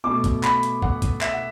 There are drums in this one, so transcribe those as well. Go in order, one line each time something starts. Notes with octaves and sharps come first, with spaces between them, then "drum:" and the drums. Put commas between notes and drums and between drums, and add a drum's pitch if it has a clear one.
B2 A3 D6
drum: kick, hi-hat
B5, drum: clap
drum: hi-hat
F#5, drum: kick
drum: kick, hi-hat
E5, drum: clap
F#5